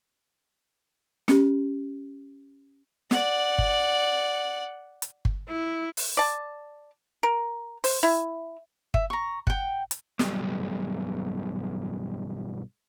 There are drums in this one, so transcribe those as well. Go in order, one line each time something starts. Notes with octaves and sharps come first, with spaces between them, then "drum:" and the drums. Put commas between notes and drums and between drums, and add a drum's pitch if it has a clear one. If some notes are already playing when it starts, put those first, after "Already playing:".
C#4 G4, drum: snare
D5 F#5, drum: snare
drum: kick G1
drum: hi-hat
drum: kick G1
E4
drum: open hi-hat
D5 A5
A#4
C5, drum: open hi-hat
E4
E5, drum: kick G1
A#5 C#6
F#5 G5, drum: kick G1
drum: hi-hat
B1 G2, drum: snare